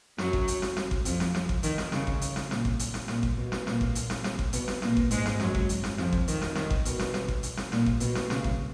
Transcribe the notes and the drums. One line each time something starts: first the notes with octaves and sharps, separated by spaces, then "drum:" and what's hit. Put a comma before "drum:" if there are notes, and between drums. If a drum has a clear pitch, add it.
F#2 F#3, drum: snare
drum: kick G#1
drum: hi-hat
drum: snare
drum: snare
drum: kick G#1
F2 F3, drum: hi-hat
drum: snare
drum: snare
drum: kick G#1
D#3, drum: hi-hat
drum: snare
C#3, drum: snare
drum: kick G#1
drum: hi-hat
drum: snare
A#2, drum: snare
drum: kick G#1
drum: hi-hat
drum: snare
A#2, drum: snare
drum: kick G#1
B2
drum: snare
A#2 A#3, drum: snare
drum: kick G#1
drum: hi-hat
drum: snare
drum: snare
drum: kick G#1
B2 B3, drum: hi-hat
drum: snare
A#2 A#3, drum: snare
drum: kick G#1
G#2 G#3, drum: hi-hat
drum: snare
F#2 F#3, drum: snare
drum: kick G#1
drum: hi-hat
drum: snare
F2 F3, drum: snare
drum: kick G#1
D#3, drum: hi-hat
drum: snare
D#3, drum: snare
drum: kick G#1
B2, drum: hi-hat
drum: snare
drum: snare
drum: kick G#1
drum: hi-hat
drum: snare
A#2, drum: snare
drum: kick G#1
B2, drum: hi-hat
drum: snare
C#3, drum: snare
drum: kick G#1